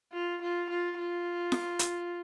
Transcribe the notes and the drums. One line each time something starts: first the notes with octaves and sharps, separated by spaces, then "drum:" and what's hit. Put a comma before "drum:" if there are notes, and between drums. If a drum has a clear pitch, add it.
F4
F4
F4
F4
drum: snare F4
drum: hi-hat